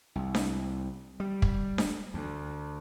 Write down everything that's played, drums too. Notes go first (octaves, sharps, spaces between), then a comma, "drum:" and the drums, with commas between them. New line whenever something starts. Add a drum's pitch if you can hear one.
C2
drum: snare D4
G3
drum: kick
drum: snare D4
D2